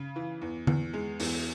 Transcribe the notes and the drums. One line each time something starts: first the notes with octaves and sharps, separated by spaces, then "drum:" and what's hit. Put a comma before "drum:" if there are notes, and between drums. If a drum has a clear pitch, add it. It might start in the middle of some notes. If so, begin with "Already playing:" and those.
Already playing: C#3
E3
E2
E2, drum: tom
G#3
E2, drum: open hi-hat